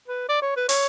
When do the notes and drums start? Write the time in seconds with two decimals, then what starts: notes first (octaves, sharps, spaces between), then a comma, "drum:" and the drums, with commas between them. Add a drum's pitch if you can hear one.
0.08 B4
0.29 D5
0.42 C#5
0.56 B4
0.69 C#5, drum: open hi-hat